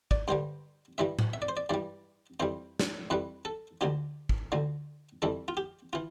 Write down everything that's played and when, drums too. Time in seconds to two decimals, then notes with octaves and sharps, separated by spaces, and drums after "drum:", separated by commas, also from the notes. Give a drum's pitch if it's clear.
0.11 D5, drum: kick
0.28 G2 D3 G3 C5
0.98 G2 E3 G3 E5
1.19 drum: tom A2
1.33 E5
1.42 D5
1.49 C5
1.57 D5
1.69 G2 E3 G3 D5
2.40 F2 E3 G3 C5
2.79 drum: snare
3.10 F2 E3 G3 B4
3.45 A4
3.81 D2 D3 F3 G4
4.29 drum: kick
4.52 D2 D3 F3
5.22 F2 E3 G3 A4
5.48 F4
5.57 G4
5.93 E3 F4